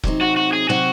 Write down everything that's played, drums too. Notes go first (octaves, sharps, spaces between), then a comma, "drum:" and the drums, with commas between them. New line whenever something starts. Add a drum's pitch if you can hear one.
C3 F#3 C4 D#4, drum: kick F1
F#4
F#4
G#4
C3 F#3 C4 D#4 F#4